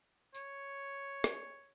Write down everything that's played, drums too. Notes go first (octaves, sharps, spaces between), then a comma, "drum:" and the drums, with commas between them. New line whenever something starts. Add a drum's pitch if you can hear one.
C#5, drum: tambourine
drum: rim click